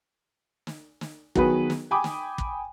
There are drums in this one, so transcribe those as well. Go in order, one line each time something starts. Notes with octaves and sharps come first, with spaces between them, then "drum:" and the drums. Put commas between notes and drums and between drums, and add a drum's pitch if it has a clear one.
drum: snare
drum: snare
D#3 F#3 B3 F#4 G#4 B4, drum: kick
drum: snare
G5 G#5 B5 D6 D#6
drum: snare
drum: kick